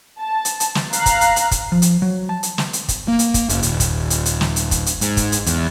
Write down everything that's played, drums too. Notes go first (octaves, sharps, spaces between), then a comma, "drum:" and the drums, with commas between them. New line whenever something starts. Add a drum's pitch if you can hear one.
A5
drum: hi-hat
drum: hi-hat
drum: snare
F5 A#5 F#6, drum: hi-hat
drum: kick, hi-hat
drum: hi-hat
drum: hi-hat
drum: kick, hi-hat
F3
drum: hi-hat
F#3
A5
drum: hi-hat
drum: snare
drum: hi-hat
drum: kick, hi-hat
A#3
drum: hi-hat
drum: kick, hi-hat
F#1, drum: hi-hat
D#1, drum: hi-hat
drum: kick, hi-hat
drum: hi-hat
drum: hi-hat
drum: snare
drum: hi-hat
drum: kick, hi-hat
drum: hi-hat
G#2, drum: hi-hat
drum: kick, hi-hat
drum: hi-hat
E2, drum: hi-hat